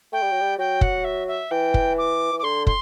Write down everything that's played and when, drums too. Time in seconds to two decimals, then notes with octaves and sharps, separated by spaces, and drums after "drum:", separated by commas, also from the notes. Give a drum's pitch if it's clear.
0.12 A3 G5
0.22 G3
0.31 F#3
0.41 G3
0.58 F#3 G5
0.81 F#5, drum: kick
1.04 E5
1.27 E5
1.51 E3 G5
1.74 drum: kick
1.98 D6
2.33 E3
2.39 D6
2.43 D3 C6
2.67 C6, drum: kick